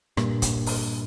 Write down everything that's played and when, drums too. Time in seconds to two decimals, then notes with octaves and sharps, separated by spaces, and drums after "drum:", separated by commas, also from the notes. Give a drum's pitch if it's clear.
0.17 G2 A#2, drum: rim click
0.42 drum: kick, hi-hat
0.66 drum: open hi-hat